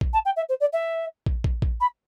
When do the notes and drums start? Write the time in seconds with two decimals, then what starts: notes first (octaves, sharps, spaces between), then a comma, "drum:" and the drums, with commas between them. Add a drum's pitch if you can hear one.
0.01 drum: kick
0.13 A5
0.25 G5
0.36 E5
0.49 C5
0.60 D5
0.73 E5
1.26 drum: kick
1.44 drum: kick
1.62 drum: kick
1.80 B5